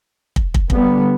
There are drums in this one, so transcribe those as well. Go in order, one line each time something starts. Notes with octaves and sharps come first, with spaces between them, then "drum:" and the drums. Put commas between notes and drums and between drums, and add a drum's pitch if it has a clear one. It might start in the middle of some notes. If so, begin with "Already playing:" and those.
drum: kick
drum: kick
D3 G3 B3, drum: kick